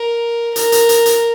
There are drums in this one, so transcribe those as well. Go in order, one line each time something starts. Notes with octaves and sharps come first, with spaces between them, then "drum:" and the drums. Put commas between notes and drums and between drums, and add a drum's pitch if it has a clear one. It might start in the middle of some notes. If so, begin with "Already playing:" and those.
Already playing: A#4
A#4, drum: hi-hat
drum: hi-hat
drum: hi-hat
drum: hi-hat